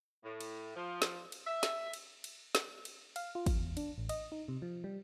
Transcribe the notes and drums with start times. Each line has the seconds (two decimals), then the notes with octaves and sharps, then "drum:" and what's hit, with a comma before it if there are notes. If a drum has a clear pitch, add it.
0.24 A2
0.41 drum: cymbal
0.75 F3
1.02 drum: snare
1.32 drum: cymbal
1.46 E5
1.63 drum: snare
1.93 drum: cymbal
2.24 drum: cymbal
2.55 drum: snare
2.85 drum: cymbal
3.16 F5, drum: cymbal
3.35 F4
3.46 drum: kick, cymbal
3.56 E2
3.77 D4, drum: cymbal
3.98 A1
4.09 D#5, drum: cymbal
4.32 D#4
4.48 C3
4.62 F3
4.84 G3